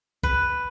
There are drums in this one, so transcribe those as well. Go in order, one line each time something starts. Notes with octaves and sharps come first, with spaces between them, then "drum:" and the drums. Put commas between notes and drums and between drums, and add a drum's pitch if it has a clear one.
B4, drum: kick B1